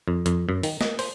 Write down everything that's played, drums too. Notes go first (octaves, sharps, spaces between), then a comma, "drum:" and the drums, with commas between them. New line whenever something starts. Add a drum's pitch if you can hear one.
F2
F2, drum: hi-hat
F#2
D#3, drum: open hi-hat
D#5, drum: snare
C5, drum: open hi-hat